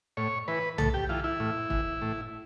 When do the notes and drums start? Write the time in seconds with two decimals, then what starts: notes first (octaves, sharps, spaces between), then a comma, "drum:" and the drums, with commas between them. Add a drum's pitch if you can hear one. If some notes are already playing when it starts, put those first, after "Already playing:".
0.17 A2 C#5
0.48 E3 B4
0.78 A2 A4, drum: tom B1
0.94 G4
1.09 E3 F4
1.24 E4
1.40 A2
1.70 E3, drum: kick
2.02 A2